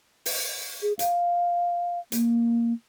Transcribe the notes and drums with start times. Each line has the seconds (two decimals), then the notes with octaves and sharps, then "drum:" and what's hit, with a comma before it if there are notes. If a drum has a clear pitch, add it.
0.26 drum: open hi-hat
0.82 G#4
0.99 F5, drum: hi-hat
2.12 A#3, drum: hi-hat